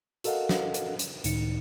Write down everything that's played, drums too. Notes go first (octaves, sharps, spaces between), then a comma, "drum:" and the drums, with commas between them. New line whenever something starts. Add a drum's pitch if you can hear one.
F#4 A4 A#4 D#5 F5 F#5, drum: hi-hat
drum: snare
drum: hi-hat
drum: hi-hat
C#2 A2 D#3 D#4 C#7, drum: hi-hat